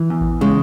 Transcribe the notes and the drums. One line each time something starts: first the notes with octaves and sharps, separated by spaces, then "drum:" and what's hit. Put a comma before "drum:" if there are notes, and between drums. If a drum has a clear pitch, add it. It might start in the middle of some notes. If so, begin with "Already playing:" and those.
Already playing: E3
E2
drum: kick A1
C#3 G#3